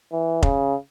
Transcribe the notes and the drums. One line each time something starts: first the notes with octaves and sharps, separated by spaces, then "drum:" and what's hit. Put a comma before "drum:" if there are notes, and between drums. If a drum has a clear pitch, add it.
E3
C#3, drum: kick